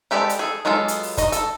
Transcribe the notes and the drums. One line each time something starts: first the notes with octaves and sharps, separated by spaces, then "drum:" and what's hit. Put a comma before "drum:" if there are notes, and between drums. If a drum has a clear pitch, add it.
G#3 G4 A4 B4 D5
drum: hi-hat
G#4 A4
F#3 G#3 B3 F4 A4
drum: hi-hat
drum: open hi-hat
D#4 F#4 D#5, drum: kick, hi-hat
A4, drum: hi-hat